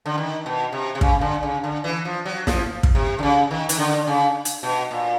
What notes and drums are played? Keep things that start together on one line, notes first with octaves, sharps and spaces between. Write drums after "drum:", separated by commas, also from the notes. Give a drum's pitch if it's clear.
D3
D#3
B2
C3
C3
C#3, drum: kick
D3
C#3
D3
E3
F3
F#3
F3, drum: snare
drum: kick
C3
D3
C#3
D#3
D#3, drum: hi-hat
D3
C#3
drum: hi-hat
B2
A#2